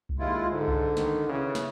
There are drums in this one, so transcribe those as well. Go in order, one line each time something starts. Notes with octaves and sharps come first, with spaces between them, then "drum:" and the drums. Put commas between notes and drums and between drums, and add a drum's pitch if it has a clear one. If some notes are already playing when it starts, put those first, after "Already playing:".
drum: kick C2
D#2 G#3 E4 F4
G#2 D3
drum: kick C2
D#3, drum: snare
C#3 E3
drum: snare